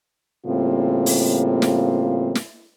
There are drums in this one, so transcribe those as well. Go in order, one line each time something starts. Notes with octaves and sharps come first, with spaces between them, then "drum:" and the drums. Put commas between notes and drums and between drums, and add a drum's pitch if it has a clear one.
A2 C#3 G3 A#3 C4 F4
drum: open hi-hat
drum: snare
drum: snare